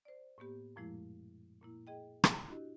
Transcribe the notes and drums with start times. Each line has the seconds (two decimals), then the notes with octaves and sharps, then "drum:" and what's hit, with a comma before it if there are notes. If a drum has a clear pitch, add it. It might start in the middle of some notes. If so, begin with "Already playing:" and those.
0.05 C5 D5
0.38 A2 A#3 B3 G4
0.76 F#2 A#2 F3 G#3 A3 E4
1.61 A#2 A#3 E4
1.87 G#4 D#5 G5
2.24 drum: rim click
2.47 D4 E4 F#4 G4 D#5